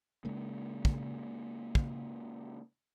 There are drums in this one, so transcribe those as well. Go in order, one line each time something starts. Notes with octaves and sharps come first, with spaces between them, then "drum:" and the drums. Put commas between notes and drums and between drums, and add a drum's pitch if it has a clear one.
C#3 G#3 A#3
drum: kick
drum: kick